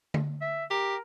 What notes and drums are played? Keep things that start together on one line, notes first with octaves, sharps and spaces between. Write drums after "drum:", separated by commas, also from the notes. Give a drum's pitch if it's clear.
drum: tom D3
E5
G4 A#4